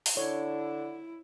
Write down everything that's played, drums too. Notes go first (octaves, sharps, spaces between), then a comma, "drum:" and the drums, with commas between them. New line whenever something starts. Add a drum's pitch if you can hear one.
drum: open hi-hat
D3 D4 E4 C#5